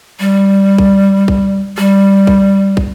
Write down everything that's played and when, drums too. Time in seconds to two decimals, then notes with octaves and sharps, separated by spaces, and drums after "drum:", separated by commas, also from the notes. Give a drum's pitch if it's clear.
0.20 G3
0.78 drum: kick
1.28 drum: kick
1.78 G3, drum: rim click
2.27 drum: kick
2.77 drum: kick